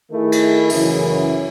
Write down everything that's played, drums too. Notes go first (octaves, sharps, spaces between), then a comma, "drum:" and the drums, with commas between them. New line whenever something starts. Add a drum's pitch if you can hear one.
D#3 A3 E4 G#4
drum: cymbal
F#2 C#3 E3, drum: open hi-hat